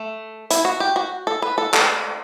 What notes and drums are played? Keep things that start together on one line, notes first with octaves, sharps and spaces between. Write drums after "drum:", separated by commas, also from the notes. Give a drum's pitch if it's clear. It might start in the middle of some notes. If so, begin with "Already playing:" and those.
Already playing: A3
E4, drum: hi-hat
F#4
G4
F#4
A4
B4
A4
A4, drum: clap